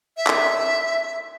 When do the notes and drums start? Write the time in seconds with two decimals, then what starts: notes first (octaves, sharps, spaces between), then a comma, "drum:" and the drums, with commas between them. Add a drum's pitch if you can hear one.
0.17 E5
0.27 drum: clap